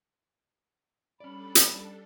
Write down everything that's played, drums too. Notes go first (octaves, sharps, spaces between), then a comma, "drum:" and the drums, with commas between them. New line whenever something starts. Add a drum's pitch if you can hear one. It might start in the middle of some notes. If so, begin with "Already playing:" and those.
G3 C#4 D4 A4 D5 B5
drum: hi-hat